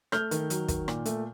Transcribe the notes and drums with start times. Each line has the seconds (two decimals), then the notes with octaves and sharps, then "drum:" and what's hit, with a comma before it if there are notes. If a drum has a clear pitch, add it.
0.12 A3 F6 G6, drum: rim click
0.31 D#3, drum: hi-hat
0.50 F#3, drum: hi-hat
0.68 D#3, drum: kick, hi-hat
0.88 A#2, drum: rim click
1.05 A3, drum: hi-hat